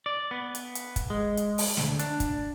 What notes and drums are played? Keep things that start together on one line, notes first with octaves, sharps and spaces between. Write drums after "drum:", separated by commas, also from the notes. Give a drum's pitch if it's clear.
D5
B3
drum: hi-hat
drum: hi-hat
drum: kick, hi-hat
G#3
drum: hi-hat
drum: open hi-hat
D2, drum: snare
D4, drum: hi-hat
drum: kick, hi-hat